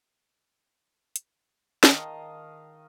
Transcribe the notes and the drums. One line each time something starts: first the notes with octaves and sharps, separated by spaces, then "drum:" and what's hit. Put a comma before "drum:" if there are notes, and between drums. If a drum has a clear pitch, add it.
drum: hi-hat
D#3 D#5 F5 A5, drum: snare